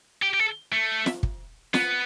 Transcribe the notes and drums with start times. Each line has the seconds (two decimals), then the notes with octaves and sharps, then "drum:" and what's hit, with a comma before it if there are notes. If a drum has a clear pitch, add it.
0.22 G4
0.34 G4
0.39 A4
0.73 A3
1.06 drum: snare
1.23 drum: kick
1.74 B3, drum: snare